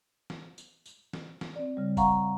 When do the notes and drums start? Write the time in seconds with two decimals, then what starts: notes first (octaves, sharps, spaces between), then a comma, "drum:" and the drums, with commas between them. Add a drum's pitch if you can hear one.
0.30 drum: snare
0.58 drum: tambourine
0.86 drum: tambourine
1.13 drum: snare
1.41 drum: snare
1.56 C4 D5
1.77 C#3 G3
1.97 F5 F#5 A#5 C#6, drum: kick, tambourine